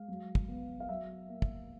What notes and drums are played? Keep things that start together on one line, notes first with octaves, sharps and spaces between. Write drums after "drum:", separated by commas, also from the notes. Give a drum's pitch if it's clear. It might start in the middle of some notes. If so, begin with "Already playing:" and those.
Already playing: G#3 F5
F#3
drum: kick
B3
F5
F#3 E5
A#3
drum: kick